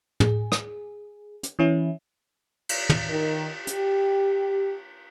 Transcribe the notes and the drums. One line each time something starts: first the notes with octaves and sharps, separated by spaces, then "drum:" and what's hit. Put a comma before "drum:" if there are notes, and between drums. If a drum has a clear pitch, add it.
G#4, drum: tom
drum: rim click
drum: hi-hat
E3 C#4 E4
drum: cymbal
drum: tom
D#3
G4, drum: hi-hat